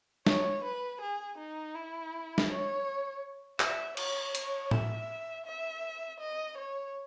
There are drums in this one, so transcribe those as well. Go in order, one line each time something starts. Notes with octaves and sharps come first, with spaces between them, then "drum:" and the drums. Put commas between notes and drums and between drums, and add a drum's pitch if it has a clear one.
C#5, drum: snare
B4
G#4
D#4
E4
drum: snare
C#5
E5, drum: clap
C#5, drum: cymbal
C#5, drum: hi-hat
E5, drum: tom
E5
D#5
C#5